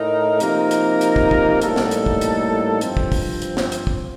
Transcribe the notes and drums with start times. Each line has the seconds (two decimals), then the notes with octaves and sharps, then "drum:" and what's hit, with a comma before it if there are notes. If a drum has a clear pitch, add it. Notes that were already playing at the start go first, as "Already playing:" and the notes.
Already playing: A2 A3 D#4 A#4
0.40 C3 F3 A#3 D#4 A#4, drum: hi-hat
0.71 drum: hi-hat
1.01 drum: hi-hat
1.16 drum: kick
1.31 drum: kick
1.62 A2 G3 A#3 D#4 A4, drum: hi-hat
1.76 drum: snare
1.91 drum: hi-hat
2.06 drum: kick
2.21 drum: hi-hat
2.81 G2 F3 C4, drum: hi-hat
2.97 drum: kick
3.12 drum: kick, open hi-hat
3.42 drum: hi-hat
3.57 drum: snare
3.72 drum: hi-hat
3.87 drum: kick